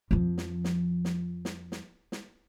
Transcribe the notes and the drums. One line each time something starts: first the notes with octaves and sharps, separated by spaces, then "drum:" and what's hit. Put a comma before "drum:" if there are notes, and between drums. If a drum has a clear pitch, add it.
F2 F3
drum: snare
drum: snare
drum: snare
drum: snare
drum: snare
drum: snare